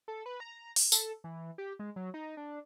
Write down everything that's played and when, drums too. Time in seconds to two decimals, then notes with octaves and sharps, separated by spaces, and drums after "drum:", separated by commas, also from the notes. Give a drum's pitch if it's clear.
0.08 A4
0.26 B4
0.40 A#5
0.76 drum: open hi-hat
0.92 A4, drum: tambourine
1.24 E3
1.58 G4
1.79 G#3
1.96 F#3
2.14 D#4
2.37 D4